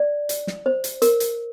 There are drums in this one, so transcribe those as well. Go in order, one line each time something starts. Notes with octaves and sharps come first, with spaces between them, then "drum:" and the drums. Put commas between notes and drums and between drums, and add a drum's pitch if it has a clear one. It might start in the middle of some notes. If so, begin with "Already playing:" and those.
Already playing: D5
drum: hi-hat
drum: snare
C5
drum: hi-hat
A#4, drum: hi-hat
drum: hi-hat